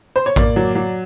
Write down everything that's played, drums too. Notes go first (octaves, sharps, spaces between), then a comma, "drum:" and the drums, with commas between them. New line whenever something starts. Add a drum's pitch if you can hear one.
C5
C#5
A#3 D5, drum: kick A1
F#3
F#3